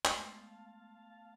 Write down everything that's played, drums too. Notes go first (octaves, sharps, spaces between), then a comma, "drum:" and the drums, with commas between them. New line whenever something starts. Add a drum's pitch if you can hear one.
G#3 A3 B3 F5 A5 C6 C7, drum: clap